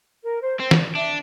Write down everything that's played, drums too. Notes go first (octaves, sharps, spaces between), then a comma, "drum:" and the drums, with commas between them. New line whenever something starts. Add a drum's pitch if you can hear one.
A#4
C5
C4 C5
D5, drum: snare
D4 E5